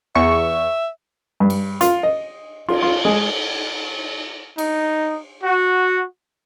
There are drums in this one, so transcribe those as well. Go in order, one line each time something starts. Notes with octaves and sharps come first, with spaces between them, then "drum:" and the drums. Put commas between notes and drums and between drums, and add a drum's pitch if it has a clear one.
E2 E5 C#6
G2
drum: cymbal
F4, drum: hi-hat
D#5
F4, drum: cymbal
F4
G#3
D#4, drum: cymbal
F#4